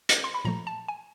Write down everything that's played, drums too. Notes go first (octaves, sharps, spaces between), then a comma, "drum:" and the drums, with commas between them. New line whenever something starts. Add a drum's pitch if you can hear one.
drum: hi-hat
C6
B5
A#2 F3 A3 A#5
A5
G#5